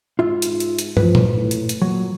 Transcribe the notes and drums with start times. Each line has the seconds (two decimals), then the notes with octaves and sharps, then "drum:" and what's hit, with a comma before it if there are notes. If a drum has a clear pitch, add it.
0.19 G#2 F4 E5
0.42 drum: hi-hat
0.60 drum: hi-hat
0.79 drum: hi-hat
0.97 F3 B4, drum: tom
1.15 drum: tom A#2
1.37 A2
1.51 drum: hi-hat
1.69 drum: hi-hat
1.82 A#2 F#3